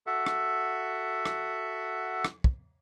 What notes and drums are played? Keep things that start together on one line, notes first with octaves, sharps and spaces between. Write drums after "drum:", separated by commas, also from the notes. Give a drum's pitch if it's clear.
F#4 A4 E5 F#5
drum: rim click
drum: rim click
drum: rim click
drum: kick